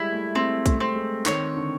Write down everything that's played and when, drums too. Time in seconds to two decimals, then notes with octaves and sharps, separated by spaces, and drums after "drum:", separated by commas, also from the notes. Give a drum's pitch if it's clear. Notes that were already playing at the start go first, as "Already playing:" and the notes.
Already playing: G3 G#3 E4
0.12 A3
0.35 A3 C4
0.66 A3, drum: kick B1, hi-hat
0.80 C4
0.96 G#3
1.26 D#3 C#5, drum: clap
1.57 D3